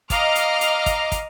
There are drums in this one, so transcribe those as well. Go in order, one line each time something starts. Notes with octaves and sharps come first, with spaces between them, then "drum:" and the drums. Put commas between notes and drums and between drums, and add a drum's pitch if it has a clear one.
D#5 F5 A#5 D6 F6, drum: kick, hi-hat
drum: hi-hat
drum: hi-hat
drum: kick, hi-hat
drum: kick, hi-hat